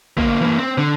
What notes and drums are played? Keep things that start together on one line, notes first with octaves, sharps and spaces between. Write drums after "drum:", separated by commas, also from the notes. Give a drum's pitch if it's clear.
D2 A#3, drum: kick
E3 A#3
C4
D3